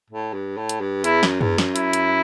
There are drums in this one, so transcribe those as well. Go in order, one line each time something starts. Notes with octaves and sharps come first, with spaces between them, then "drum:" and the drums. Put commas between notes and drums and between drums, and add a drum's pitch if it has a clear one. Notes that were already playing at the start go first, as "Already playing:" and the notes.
A2
G2
A2
drum: hi-hat
G2
E2 E4, drum: hi-hat
F#2, drum: snare
E2, drum: tom F#2
F#2, drum: snare
E4, drum: hi-hat
drum: hi-hat